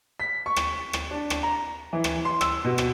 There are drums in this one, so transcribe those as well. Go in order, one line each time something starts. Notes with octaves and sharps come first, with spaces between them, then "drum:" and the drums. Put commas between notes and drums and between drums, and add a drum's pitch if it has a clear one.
B6
C#6
drum: rim click
drum: rim click
D4
drum: rim click
A#5
E3
drum: rim click
C6
E6, drum: rim click
B2
drum: rim click